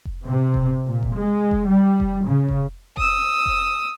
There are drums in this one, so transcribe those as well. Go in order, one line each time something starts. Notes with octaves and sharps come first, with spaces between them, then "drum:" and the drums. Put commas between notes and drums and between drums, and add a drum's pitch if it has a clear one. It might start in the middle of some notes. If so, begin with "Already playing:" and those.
drum: kick F1
C3
drum: kick F1
A#2
drum: kick F1
G#3
drum: kick F1
G3
drum: kick F1
C#3
drum: kick F1
D#6 E6, drum: kick F1
drum: kick F1